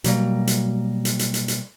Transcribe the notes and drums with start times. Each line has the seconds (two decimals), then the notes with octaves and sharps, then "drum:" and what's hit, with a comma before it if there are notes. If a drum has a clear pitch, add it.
0.04 B2 F#3 G3 A#3, drum: hi-hat
0.47 drum: hi-hat
1.05 drum: hi-hat
1.19 drum: hi-hat
1.34 drum: hi-hat
1.48 drum: hi-hat